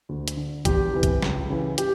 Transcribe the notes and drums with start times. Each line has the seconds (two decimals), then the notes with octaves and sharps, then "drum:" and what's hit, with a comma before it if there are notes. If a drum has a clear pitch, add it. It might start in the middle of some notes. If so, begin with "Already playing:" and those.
0.09 D2
0.28 drum: hi-hat
0.37 D3
0.65 E2 G4, drum: kick, hi-hat
0.94 C3 E3
1.03 drum: kick, hi-hat
1.22 C#2, drum: snare
1.50 C#3 E3
1.78 G4, drum: hi-hat